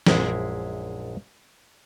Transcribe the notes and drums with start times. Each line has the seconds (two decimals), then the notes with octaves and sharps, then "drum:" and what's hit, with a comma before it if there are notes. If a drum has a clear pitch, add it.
0.07 A#1 F#2 G#3 E4 C5, drum: snare